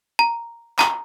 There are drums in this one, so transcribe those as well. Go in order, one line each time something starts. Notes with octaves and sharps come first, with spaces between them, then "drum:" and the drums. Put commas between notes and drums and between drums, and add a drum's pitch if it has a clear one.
A#5
A#5, drum: clap